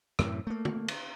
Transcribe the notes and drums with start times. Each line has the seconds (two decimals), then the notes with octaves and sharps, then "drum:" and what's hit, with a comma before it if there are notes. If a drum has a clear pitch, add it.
0.19 F#2 A2 C3 E3, drum: rim click
0.47 A3 A#3
0.65 drum: tom
0.88 drum: cymbal